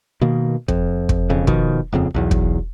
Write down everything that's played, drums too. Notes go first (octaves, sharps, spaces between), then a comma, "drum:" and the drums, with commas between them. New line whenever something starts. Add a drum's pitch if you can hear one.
B2 D#3 A#3
F2, drum: kick
drum: kick
E1 F2 C#3
B2 D#3 F3, drum: kick
D#1 F2 C#3 C4
B1 E2 F#3
drum: kick